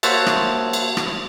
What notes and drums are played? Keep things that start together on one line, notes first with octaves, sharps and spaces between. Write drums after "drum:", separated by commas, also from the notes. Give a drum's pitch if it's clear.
A#3 C5 C#5 E5 F#5 A5, drum: cymbal
drum: rim click
drum: cymbal
drum: rim click